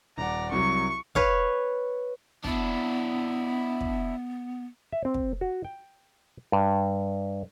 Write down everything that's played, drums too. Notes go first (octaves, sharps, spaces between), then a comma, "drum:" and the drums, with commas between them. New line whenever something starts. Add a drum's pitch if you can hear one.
D#1 D5 F#5 A#5
C2 F#3 C#6
B4 C#5 F5, drum: kick
B3 D4 E4, drum: kick
drum: kick
E5
C4
drum: kick
F#4
G5
G2